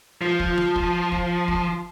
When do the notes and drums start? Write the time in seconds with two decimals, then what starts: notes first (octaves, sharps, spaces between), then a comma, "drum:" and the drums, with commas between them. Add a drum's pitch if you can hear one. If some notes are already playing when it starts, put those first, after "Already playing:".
0.21 F3 F4
0.40 drum: kick
0.58 drum: tom F3
0.76 drum: kick
1.12 drum: kick
1.48 drum: kick